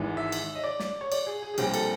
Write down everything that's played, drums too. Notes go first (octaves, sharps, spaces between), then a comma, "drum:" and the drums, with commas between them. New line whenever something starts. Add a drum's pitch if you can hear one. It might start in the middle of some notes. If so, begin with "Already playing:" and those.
Already playing: G#1 G#2 E3 G#3
E5
drum: cymbal
D#5
D5
D5, drum: snare
C#5
D5, drum: cymbal
G#4
G#4
G#4
A#1 A#2 G3 C4 G4, drum: cymbal
A4, drum: cymbal